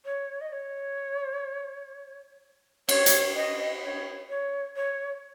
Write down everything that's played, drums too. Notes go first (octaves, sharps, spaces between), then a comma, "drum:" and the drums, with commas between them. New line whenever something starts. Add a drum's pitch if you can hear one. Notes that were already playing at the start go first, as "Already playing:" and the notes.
C#5
D#5
C#5
C#5, drum: cymbal
drum: hi-hat
D#5
C#5
C#5
C#5